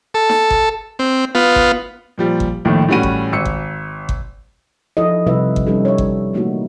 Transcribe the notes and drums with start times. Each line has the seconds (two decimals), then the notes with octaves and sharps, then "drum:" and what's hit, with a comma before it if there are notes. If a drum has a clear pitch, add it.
0.14 A4
0.29 drum: snare D#4
0.50 drum: kick G1
0.99 C4
1.35 B3 F4
1.56 drum: kick G1
2.18 A#2 F3 G3
2.40 drum: kick G1
2.65 A#1 D#2 A2 D#3 F3 A3
2.88 A2 E3 G3 C#4 F#4 D#7
3.03 drum: kick G1
3.32 G#1 E6 C#7
3.45 drum: kick G1
4.09 drum: kick G1
4.97 F3 D#4 E4 A4 D#5
5.27 C3 G3 E4 B4 E5
5.56 drum: kick G1
5.67 G3 C#4 D#4 G4 A4
5.85 C#5 E5
5.98 drum: kick G1
6.33 E3 A3 A#3 D#4 E4 F#4